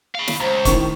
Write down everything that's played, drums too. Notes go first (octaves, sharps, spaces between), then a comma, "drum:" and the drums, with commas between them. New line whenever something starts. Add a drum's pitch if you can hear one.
F5 B5
drum: snare
C#2 C5 A#5
A2 D#3 C#6, drum: kick, hi-hat